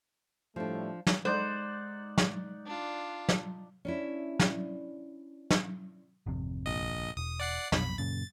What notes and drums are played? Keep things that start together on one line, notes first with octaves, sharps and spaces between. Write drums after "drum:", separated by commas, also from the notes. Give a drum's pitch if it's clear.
A2 F3 G3 A3 D4
drum: snare
G#3 D#4 C5 D5 F#5
drum: snare
D4 F4
drum: snare
C#4 D4 E4
drum: snare
drum: snare
G#1 F2 C3
A#1 D#5
E1 D#6
D5 F#5 C7
A#1 F2 B2 B5, drum: snare
F#2 A#2 C#3 A6